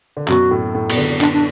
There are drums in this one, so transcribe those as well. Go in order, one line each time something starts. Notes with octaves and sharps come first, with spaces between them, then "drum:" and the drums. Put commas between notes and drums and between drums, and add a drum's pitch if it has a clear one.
D3
F#2 B2 F#4, drum: clap
A2
A2
B2, drum: cymbal
A2 D3
D4, drum: clap
D4